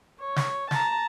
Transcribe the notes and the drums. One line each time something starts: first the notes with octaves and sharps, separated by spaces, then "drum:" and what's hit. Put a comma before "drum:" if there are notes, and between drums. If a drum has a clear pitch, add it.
C#5
drum: snare
A5 A#5, drum: snare